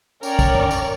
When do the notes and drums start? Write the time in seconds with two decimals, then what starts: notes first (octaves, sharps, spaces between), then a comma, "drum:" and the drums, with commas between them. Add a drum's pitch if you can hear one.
0.23 C#4 A#4 C#5 D5 G5, drum: tambourine
0.39 drum: kick, tambourine
0.55 drum: tom F#2
0.71 drum: tambourine